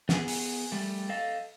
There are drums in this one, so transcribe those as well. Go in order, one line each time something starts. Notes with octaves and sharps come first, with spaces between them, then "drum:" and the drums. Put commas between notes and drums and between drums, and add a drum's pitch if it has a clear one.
B3 G#4, drum: snare
drum: open hi-hat
G3 A3
A4 D#5 F5